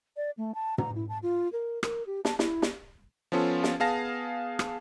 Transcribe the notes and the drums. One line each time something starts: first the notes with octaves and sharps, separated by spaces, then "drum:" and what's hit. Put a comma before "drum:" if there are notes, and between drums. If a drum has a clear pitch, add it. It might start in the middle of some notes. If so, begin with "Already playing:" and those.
D5
A3
A5
A#5, drum: tom
E4
A5
F4
A#4
A#4, drum: rim click
G4
A5, drum: snare
E4, drum: snare
drum: snare
F3 B3 C#4 F4 A4
drum: snare
B3 G#4 F5 A5 A#6
drum: rim click